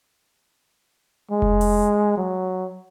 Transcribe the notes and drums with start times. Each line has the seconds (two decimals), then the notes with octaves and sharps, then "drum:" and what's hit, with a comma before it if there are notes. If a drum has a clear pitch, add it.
1.31 G#3
1.42 drum: kick F1
1.61 drum: open hi-hat
2.17 F#3